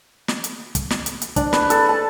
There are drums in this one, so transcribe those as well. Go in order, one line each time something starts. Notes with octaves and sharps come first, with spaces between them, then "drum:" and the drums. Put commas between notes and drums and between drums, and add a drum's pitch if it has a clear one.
drum: snare
drum: hi-hat
drum: kick, hi-hat
drum: snare
drum: hi-hat
drum: hi-hat
D4, drum: kick, hi-hat
B4, drum: snare
A4, drum: hi-hat
A5